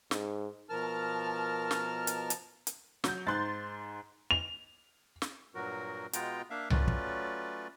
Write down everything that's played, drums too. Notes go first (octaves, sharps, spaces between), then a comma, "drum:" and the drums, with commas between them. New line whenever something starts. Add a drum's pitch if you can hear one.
G#2, drum: snare
B2 F3 A#4 A5 F6
drum: snare
drum: hi-hat
drum: hi-hat
drum: hi-hat
F#3 G6, drum: snare
G#2 C6 F#6 A6
F7
drum: snare
G2 A#2 F#3 F#4 A#4
B2 G#3 B3 F4 G5 A#5, drum: hi-hat
A#3 D4 E5 F5
F#3 A3 C#4 F4 B4 D5, drum: tom C2
drum: kick